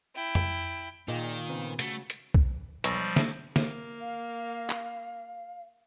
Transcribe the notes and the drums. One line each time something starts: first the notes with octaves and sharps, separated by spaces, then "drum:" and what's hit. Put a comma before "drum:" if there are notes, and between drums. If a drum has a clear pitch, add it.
E4 G5
drum: tom F2
A#2 D#3 G#4 D#5 G5
C#3 B3 C4
C#3 A3 F#4, drum: hi-hat
drum: hi-hat
drum: kick
B1 F3 G3 C#6 E6 A#6, drum: hi-hat
drum: snare
A#3, drum: snare
F5
drum: clap